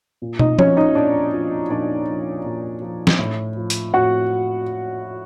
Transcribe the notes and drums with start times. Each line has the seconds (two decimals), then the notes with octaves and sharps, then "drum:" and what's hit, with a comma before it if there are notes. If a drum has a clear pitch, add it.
0.22 A#2
0.39 D#4 D#5, drum: tom
0.59 F3 C#4 C#5, drum: tom F3
0.77 D#4 D#5
0.95 A#2 D4 D5
1.33 F3
1.70 A#2 D4 D5
2.08 F3
2.45 A#2
2.82 F3
3.07 drum: snare
3.19 A2
3.57 F3
3.70 drum: hi-hat
3.93 A2 F#4 F#5